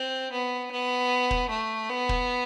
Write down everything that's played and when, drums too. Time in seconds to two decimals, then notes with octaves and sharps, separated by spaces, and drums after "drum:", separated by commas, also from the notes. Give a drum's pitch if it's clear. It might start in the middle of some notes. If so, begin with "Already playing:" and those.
Already playing: C4
0.33 B3
0.71 B3
1.31 drum: kick
1.50 A3
1.90 B3
2.09 drum: kick